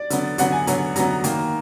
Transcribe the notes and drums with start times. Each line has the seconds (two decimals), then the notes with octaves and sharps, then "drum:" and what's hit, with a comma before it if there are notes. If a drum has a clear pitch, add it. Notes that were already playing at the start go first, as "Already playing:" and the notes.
Already playing: D5
0.10 D3 F#3 B3, drum: hi-hat
0.38 D3 F#3 B3 F#5, drum: hi-hat
0.52 G#5
0.67 D3 F#3 B3, drum: hi-hat
0.96 D3 F#3 B3 A#5, drum: hi-hat
1.24 D#3 A#3, drum: hi-hat